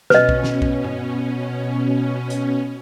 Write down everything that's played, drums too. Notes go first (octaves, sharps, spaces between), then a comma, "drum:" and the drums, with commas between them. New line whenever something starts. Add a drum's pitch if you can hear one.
B2 C#4 B4 D#5, drum: snare
drum: kick A#1
drum: snare
drum: kick A#1
drum: tom G2
drum: hi-hat